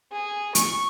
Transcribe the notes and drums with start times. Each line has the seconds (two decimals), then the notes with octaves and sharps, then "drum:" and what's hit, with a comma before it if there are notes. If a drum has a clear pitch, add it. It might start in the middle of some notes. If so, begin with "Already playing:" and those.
0.12 G#4
0.55 C#6, drum: hi-hat